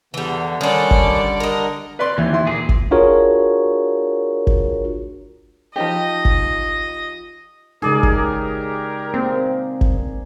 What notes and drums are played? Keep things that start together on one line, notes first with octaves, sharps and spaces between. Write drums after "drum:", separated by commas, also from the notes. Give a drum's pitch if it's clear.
E2 D3 E3 G3
D3 D#3 G3 C#4 D4 A4 D5
drum: kick G1
D4 A#4 D#5
B4 D5 C6
D#2 E3
E4 C6
A#2 G#4
drum: kick G1
D4 F4 F#4 G#4 A#4 C#5
drum: kick G1
F3 D#4 G4 D#5
drum: kick G1
C#3 G#3 D#4 G4 G#4 A#4 D5
drum: kick G1
A#3 C4
drum: kick G1